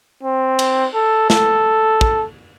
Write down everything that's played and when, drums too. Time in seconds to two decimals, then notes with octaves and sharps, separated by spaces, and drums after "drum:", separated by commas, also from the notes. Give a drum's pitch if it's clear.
0.23 C4
0.59 drum: cymbal
0.94 A4
1.30 A4, drum: snare
2.01 drum: kick